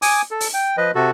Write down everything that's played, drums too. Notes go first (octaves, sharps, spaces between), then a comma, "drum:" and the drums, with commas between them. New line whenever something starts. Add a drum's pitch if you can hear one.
G#5 D6 D#6, drum: open hi-hat
A4
drum: open hi-hat
G5
F3 B4 D#5
C3 F#4 A4